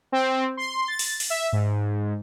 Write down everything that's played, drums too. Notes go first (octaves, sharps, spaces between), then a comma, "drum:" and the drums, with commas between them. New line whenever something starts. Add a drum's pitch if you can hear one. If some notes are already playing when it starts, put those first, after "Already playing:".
C4
C6
A6
drum: open hi-hat
drum: open hi-hat
E5
G#2